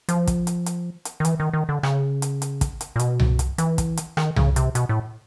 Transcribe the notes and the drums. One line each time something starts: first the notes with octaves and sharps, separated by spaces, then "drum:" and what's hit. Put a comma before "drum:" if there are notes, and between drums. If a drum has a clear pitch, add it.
F3, drum: hi-hat
drum: kick, hi-hat
drum: hi-hat
drum: hi-hat
drum: hi-hat
D#3
E3, drum: hi-hat
D#3
D#3
D3
C#3, drum: rim click
drum: hi-hat
drum: hi-hat
drum: kick, hi-hat
drum: hi-hat
A#2
B2, drum: hi-hat
drum: tom C2
drum: hi-hat
E3, drum: hi-hat
drum: kick, hi-hat
drum: hi-hat
D#3, drum: rim click
C#3, drum: tom C2
C3, drum: hi-hat
B2, drum: hi-hat
A2